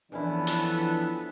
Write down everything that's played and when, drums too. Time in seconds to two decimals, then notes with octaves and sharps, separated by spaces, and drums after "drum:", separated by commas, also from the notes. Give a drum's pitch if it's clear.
0.12 E2 E3 F3 B3 C#4 D4 E4 A4
0.47 drum: hi-hat